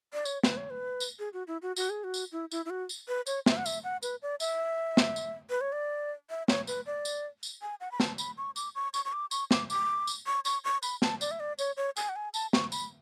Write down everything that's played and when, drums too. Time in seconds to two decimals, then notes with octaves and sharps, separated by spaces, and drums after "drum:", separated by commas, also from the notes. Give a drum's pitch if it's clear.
0.14 D5
0.25 C#5, drum: tambourine
0.43 B4, drum: snare
0.57 C#5
0.70 B4
1.00 drum: tambourine
1.19 G#4
1.33 F#4
1.47 E4
1.62 F#4
1.76 F#4, drum: tambourine
1.90 G#4
2.04 F#4
2.14 drum: tambourine
2.32 E4
2.51 E4, drum: tambourine
2.65 E4
2.70 F#4
2.89 drum: tambourine
3.08 B4
3.27 C#5, drum: tambourine
3.46 E5, drum: snare
3.57 F#5
3.66 E5, drum: tambourine
3.84 F#5
4.03 B4, drum: tambourine
4.22 D5
4.40 E5, drum: tambourine
4.97 drum: snare
5.16 drum: tambourine
5.50 B4
5.61 C#5
5.72 D5
6.30 E5
6.48 C#5, drum: snare
6.67 B4, drum: tambourine
6.86 D5
7.05 drum: tambourine
7.43 drum: tambourine
7.62 G#5
7.81 F#5
7.92 B5
8.00 A5, drum: snare
8.18 B5, drum: tambourine
8.38 C#6
8.56 D6, drum: tambourine
8.75 C#6
8.94 C#6, drum: tambourine
9.05 C#6
9.13 D6
9.31 C#6, drum: tambourine
9.51 D6, drum: snare
9.70 D6, drum: tambourine
10.07 drum: tambourine
10.26 C#6
10.45 C#6, drum: tambourine
10.64 C#6
10.83 B5, drum: tambourine
11.02 A5, drum: snare
11.21 D5, drum: tambourine
11.31 E5
11.40 D5
11.59 C#5, drum: tambourine
11.77 C#5
11.96 G#5, drum: tambourine
12.09 F#5
12.16 G#5
12.34 A5, drum: tambourine
12.53 C#6, drum: snare
12.72 B5, drum: tambourine